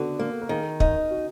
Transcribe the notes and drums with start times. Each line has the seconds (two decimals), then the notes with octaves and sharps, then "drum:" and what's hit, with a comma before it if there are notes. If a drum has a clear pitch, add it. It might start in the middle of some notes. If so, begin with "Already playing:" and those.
Already playing: D3 B3 F#4
0.19 A#3
0.42 A#4
0.49 D#3 G#4
0.80 D#4 A#4, drum: kick
1.11 F#4